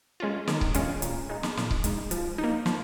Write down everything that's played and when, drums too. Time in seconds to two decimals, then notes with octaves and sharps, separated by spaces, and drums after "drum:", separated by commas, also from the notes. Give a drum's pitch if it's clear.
0.20 G#3 C#4 F4
0.47 D#3, drum: snare
0.61 drum: kick C#1
0.74 G#3 C#4 F4, drum: hi-hat
1.02 A#2, drum: hi-hat
1.30 G#3 D#4
1.43 drum: snare
1.57 A#2, drum: snare
1.71 drum: kick C#1
1.84 G#3 D#4, drum: hi-hat
2.11 F3, drum: hi-hat
2.38 D#4
2.44 A#3
2.66 F3, drum: snare